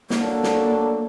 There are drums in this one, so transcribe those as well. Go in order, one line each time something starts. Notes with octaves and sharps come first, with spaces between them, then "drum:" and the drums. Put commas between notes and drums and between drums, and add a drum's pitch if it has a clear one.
F#3 A#3 D4 A4, drum: snare
drum: snare